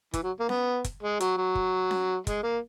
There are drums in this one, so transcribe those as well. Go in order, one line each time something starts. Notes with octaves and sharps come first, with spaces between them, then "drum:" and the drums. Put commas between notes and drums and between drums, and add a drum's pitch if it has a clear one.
E3, drum: kick, hi-hat
F#3
A#3
B3, drum: snare C#4
drum: kick, hi-hat
G#3
F#3, drum: hi-hat
F#3
drum: kick
drum: snare C#4
G#3, drum: kick, hi-hat
A#3